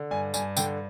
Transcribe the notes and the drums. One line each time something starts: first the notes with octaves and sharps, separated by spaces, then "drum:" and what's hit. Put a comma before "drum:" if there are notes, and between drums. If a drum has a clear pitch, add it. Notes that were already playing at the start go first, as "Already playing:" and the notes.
Already playing: D3
G2 G#5
G2 G#5, drum: tambourine
D3 G5, drum: tambourine